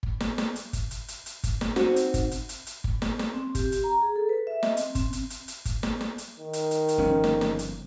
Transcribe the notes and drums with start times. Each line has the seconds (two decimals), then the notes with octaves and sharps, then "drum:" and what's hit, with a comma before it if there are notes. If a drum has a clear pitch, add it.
0.03 drum: kick G1
0.20 drum: snare
0.38 drum: snare
0.56 drum: hi-hat
0.73 drum: kick G1, hi-hat
0.91 drum: hi-hat
1.08 drum: hi-hat
1.26 drum: hi-hat
1.44 drum: kick G1, hi-hat
1.61 drum: snare
1.76 C4 D#4 F#4, drum: snare
1.96 drum: hi-hat
2.14 drum: kick G1, hi-hat
2.31 drum: hi-hat
2.49 drum: hi-hat
2.67 drum: hi-hat
2.84 drum: kick G1
3.02 drum: snare
3.19 drum: snare
3.34 C4
3.55 G4, drum: kick G1, hi-hat
3.72 drum: hi-hat
3.84 A#5
4.02 G#4
4.16 A4
4.29 B4
4.47 E5
4.63 D#5, drum: snare
4.77 C4, drum: hi-hat
4.95 C4, drum: kick G1, hi-hat
5.13 drum: hi-hat
5.30 drum: hi-hat
5.48 drum: hi-hat
5.65 drum: kick G1, hi-hat
5.83 drum: snare
6.01 drum: snare
6.18 drum: hi-hat
6.40 D#3
6.53 drum: hi-hat
6.71 drum: hi-hat
6.88 drum: hi-hat
6.98 G1 F3 C#4
7.24 drum: snare
7.41 drum: snare
7.59 drum: hi-hat